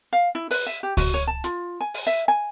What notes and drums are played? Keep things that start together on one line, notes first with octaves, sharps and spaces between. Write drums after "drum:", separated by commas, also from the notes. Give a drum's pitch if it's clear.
F5
E4
B4, drum: open hi-hat
E5
G4
F#4, drum: kick C#2, open hi-hat
C#5
A5
F4, drum: hi-hat
G#5
drum: open hi-hat
E5
G#5